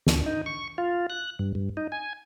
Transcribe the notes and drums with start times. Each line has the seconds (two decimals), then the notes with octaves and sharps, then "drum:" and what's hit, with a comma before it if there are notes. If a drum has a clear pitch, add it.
0.07 D2, drum: snare
0.26 D#4
0.46 C#6
0.78 F4
1.10 F#6
1.39 G2
1.55 G2
1.77 D#4
1.92 G#5